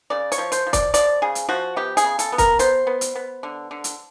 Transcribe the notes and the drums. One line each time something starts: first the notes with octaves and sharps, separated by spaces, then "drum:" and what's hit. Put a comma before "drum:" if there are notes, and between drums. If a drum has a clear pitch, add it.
C#3 D5
C#5, drum: hi-hat
F3
C5, drum: hi-hat
F3
D5, drum: kick, hi-hat
F3 D5, drum: hi-hat
C#3 G#4
drum: hi-hat
F3 F#4
B3 G4
G#4, drum: hi-hat
C#3
A4, drum: hi-hat
B3
A#4, drum: kick, hi-hat
B3 C5, drum: hi-hat
B3
drum: hi-hat
B3
D3
D3
drum: hi-hat